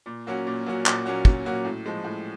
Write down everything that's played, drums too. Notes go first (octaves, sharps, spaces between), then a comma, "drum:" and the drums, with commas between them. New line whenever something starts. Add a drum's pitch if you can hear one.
A#2
F#3 A#3 C#4 F#4
A#2
F#3 A#3 C#4 F#4
A#2, drum: clap
F#3 A#3 C#4 F#4
A#2, drum: kick
F#3 A#3 C#4 F#4
A2
F3 G#3
A2